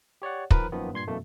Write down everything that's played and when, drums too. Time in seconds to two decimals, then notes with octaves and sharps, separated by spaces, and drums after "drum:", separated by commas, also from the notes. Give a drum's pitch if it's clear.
0.22 G4 C#5 D5 F#5
0.51 D#3 F3 A#4 B4 A#5, drum: kick
0.72 F#2 D#3 F3 A#3 B3
0.93 G2 A#2 C6 G#6 C7
1.07 F#2 B2 E3 A3 A#3